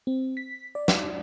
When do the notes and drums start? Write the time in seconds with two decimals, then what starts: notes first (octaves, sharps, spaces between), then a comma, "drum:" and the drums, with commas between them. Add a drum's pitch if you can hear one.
0.07 C4
0.37 B6
0.75 D5
0.88 drum: snare